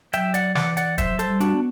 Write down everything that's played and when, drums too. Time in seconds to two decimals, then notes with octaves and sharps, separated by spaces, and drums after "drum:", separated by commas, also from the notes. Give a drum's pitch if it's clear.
0.13 F#3 E5 G5, drum: hi-hat
0.34 D5 F#5, drum: hi-hat
0.55 E3 D5 F#5, drum: snare
0.77 D5 F#5, drum: hi-hat
0.98 F#3 C5 E5, drum: kick, hi-hat
1.19 A4 C5, drum: hi-hat
1.27 G3
1.40 D4 F#4, drum: hi-hat
1.54 B3